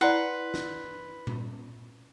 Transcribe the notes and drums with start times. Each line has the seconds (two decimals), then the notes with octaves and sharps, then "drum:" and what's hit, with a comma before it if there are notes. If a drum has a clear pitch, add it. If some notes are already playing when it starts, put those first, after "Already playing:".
0.01 E4 B4 D5 F#5 C6
0.54 drum: snare
1.27 drum: tom A#2